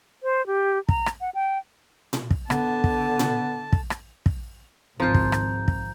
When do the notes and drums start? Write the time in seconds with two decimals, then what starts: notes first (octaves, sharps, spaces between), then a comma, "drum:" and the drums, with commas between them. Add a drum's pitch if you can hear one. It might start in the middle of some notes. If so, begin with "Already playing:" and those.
0.23 C5
0.47 G4
0.89 A#5, drum: kick
1.06 drum: rim click
1.21 F#5
1.34 G5
2.13 drum: tom A#2
2.31 drum: kick
2.50 D3 B3 A5, drum: rim click
2.84 drum: kick
3.19 drum: tom A#2
3.73 drum: kick
3.90 drum: rim click
4.26 drum: kick
5.00 G#1 C#2 G#2 F3 C4 F4 A#5 G6
5.14 drum: kick
5.32 drum: rim click
5.68 drum: kick